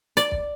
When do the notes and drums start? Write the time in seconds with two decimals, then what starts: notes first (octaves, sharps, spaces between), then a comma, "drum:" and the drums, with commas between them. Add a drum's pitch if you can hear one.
0.17 D5, drum: hi-hat
0.32 drum: kick